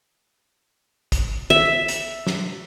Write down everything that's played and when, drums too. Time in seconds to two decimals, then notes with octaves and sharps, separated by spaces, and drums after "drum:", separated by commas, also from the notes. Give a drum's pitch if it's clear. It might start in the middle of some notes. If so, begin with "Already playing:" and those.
1.12 drum: kick, hi-hat
1.50 E5
1.88 drum: hi-hat
2.27 drum: snare